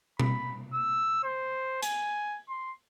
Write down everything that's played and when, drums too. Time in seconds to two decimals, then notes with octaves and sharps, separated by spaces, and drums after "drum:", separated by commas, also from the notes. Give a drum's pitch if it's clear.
0.19 B5, drum: tom B2
0.74 E6
1.24 C5
1.83 G#5, drum: hi-hat
2.49 C6